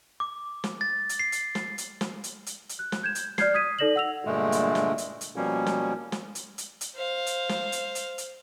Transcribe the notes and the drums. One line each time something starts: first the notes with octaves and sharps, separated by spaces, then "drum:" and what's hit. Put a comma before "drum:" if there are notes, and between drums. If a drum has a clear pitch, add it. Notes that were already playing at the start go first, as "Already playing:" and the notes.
D6
drum: snare
A6
drum: hi-hat
C7
drum: hi-hat
drum: snare
drum: hi-hat
drum: snare
drum: hi-hat
drum: hi-hat
drum: hi-hat
F#6
drum: snare
G6 G#6 E7
drum: hi-hat
D5 F6 G6 G#6 C7, drum: snare
D#6 G#6 B6 D#7
D#4 A4 D5 A#6 E7 F#7
F#5 E6 F7
G2 A#2 D3 G#3 A3
drum: hi-hat
drum: snare
drum: hi-hat
drum: hi-hat
B2 F3 G3 A#3 C#4
drum: snare
drum: snare
drum: hi-hat
drum: hi-hat
drum: hi-hat
C5 F5
drum: hi-hat
drum: snare
drum: hi-hat
drum: hi-hat
drum: hi-hat